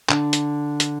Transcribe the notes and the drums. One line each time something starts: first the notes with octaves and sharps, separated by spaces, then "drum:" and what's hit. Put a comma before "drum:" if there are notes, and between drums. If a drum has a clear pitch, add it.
D3, drum: clap
drum: hi-hat
drum: hi-hat